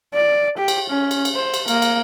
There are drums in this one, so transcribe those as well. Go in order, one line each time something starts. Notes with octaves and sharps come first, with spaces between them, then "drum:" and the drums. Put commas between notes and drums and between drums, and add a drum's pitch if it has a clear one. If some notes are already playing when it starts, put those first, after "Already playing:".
D5
G4
drum: cymbal
C#4
drum: cymbal
drum: cymbal
C5
drum: cymbal
A#3, drum: cymbal
drum: cymbal